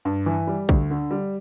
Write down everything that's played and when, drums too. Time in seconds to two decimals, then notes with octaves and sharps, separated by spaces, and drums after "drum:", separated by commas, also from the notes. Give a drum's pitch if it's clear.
0.05 G2
0.26 E3
0.47 G3
0.69 D2, drum: kick
0.91 D3
1.11 G3